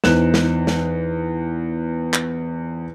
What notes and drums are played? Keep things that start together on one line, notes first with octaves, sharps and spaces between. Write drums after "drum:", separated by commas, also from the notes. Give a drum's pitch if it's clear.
E2 D#4 C5 F#6 E7, drum: snare
drum: snare
drum: snare
drum: clap